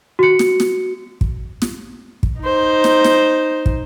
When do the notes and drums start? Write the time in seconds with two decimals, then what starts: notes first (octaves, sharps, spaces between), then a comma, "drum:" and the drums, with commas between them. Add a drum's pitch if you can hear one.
0.19 F#4 C#7
0.39 drum: snare
0.60 drum: snare
1.21 drum: kick
1.62 drum: snare
2.23 drum: kick
2.41 D#4 C5
2.84 drum: snare
3.04 drum: snare
3.66 drum: kick